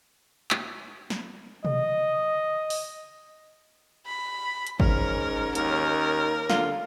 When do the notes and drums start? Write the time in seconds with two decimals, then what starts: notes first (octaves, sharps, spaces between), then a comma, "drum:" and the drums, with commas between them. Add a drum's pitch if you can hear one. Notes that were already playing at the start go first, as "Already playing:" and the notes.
0.51 drum: clap
1.10 drum: snare
1.65 D#5, drum: tom B2
2.70 drum: open hi-hat
4.06 B5
4.67 drum: hi-hat
4.80 G#2 C#4 A#4, drum: kick
5.55 D#2 A#4, drum: hi-hat
6.50 D3 F4, drum: snare